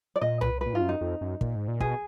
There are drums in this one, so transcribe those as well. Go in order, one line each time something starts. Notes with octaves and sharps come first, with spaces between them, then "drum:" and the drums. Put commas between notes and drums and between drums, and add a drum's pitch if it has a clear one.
D5
A#2 D#5
B4, drum: tom C2
A#2 B4
G#2 F4
F#2
D#4
F2
F#2
A#2, drum: kick
G#2
A#2
B2 G#4, drum: kick